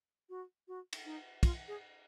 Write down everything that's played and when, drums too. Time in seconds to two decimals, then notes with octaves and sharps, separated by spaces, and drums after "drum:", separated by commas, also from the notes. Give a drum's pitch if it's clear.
0.29 F#4
0.68 F#4
0.93 drum: cymbal
1.05 D#4
1.43 F4, drum: kick, cymbal
1.68 G#4